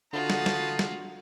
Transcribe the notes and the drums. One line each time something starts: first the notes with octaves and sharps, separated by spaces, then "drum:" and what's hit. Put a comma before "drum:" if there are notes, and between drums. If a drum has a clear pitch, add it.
D3 B3 D#4 F4 F#4 A5
drum: snare
drum: snare
drum: snare